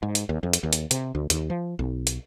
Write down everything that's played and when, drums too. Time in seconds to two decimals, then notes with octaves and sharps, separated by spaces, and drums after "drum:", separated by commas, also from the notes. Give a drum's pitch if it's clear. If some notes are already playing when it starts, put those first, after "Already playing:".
0.03 G#2
0.15 drum: hi-hat
0.29 D#2
0.43 F2
0.53 drum: hi-hat
0.63 D#2
0.73 drum: hi-hat
0.91 C3, drum: hi-hat
1.15 D2
1.30 D#2, drum: hi-hat
1.50 F3
1.79 B1
2.07 drum: hi-hat